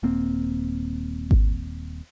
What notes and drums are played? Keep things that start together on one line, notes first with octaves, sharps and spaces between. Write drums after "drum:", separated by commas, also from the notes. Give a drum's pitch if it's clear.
D#1 A#3 C4
drum: kick G#1